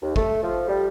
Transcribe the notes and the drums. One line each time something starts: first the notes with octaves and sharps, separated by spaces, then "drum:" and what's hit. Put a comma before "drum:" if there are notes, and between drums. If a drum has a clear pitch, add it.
D#2
A3, drum: kick G1
F3
G3